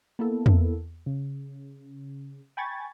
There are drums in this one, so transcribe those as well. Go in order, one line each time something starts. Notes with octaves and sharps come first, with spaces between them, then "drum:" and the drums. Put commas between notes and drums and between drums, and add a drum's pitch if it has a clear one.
A#3 B3 E4 A4
drum: tom
C#3
G5 G#5 B5 C#6 G#6 A6